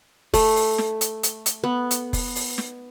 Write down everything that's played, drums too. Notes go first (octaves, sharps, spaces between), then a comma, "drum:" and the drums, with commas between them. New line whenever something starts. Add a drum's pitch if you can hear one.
A3, drum: kick F1, open hi-hat
drum: open hi-hat
drum: snare
drum: hi-hat
drum: hi-hat
drum: hi-hat
B3
drum: hi-hat
drum: kick F1, open hi-hat
drum: open hi-hat
drum: snare